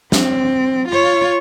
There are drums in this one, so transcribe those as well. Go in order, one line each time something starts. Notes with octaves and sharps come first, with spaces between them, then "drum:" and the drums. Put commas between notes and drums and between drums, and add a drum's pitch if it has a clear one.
C4, drum: snare
F4 C#5